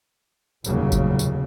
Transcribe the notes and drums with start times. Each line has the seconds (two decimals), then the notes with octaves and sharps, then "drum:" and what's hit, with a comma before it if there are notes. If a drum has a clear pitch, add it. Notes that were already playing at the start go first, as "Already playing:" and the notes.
0.64 F1 D#2 A#2 C#3 F#3 G3, drum: tambourine
0.92 drum: kick G1, tambourine
1.19 drum: tambourine